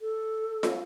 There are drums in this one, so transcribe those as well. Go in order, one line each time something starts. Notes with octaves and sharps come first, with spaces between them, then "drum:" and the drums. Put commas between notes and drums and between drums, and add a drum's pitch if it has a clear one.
A4
drum: snare